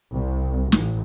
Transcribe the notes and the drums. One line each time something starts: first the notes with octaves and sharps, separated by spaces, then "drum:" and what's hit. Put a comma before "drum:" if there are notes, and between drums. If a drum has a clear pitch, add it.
C2
A1, drum: snare